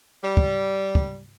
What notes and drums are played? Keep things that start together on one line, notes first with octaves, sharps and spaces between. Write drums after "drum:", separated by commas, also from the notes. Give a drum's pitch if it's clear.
G3
drum: kick
drum: kick